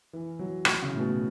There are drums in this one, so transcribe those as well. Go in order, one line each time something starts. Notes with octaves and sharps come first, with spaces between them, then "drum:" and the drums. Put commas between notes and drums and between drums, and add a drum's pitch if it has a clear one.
E3
F#3
drum: rim click
C#3
A2
B2